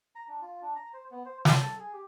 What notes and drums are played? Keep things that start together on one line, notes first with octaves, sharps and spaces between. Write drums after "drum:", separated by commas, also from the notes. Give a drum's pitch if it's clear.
A#5
D4
F4
D4
A#5
C5
B3
C5
A4, drum: snare
A4
G#4
G4